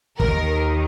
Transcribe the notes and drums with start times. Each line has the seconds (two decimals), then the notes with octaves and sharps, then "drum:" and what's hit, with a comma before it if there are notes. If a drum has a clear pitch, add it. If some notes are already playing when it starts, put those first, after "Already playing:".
0.20 D#2 D#3 A#4, drum: kick